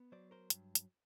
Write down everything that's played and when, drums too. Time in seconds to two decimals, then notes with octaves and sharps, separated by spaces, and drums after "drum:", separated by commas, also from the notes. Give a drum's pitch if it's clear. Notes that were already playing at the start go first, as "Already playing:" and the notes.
Already playing: B3
0.12 F#3 C5 D5
0.31 A#4 C5
0.50 G2, drum: hi-hat
0.75 drum: hi-hat